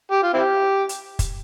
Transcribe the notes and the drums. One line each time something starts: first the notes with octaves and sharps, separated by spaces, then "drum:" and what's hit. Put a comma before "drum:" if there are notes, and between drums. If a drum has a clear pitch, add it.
G4
F4
C4 E4 G4
drum: hi-hat
drum: kick, hi-hat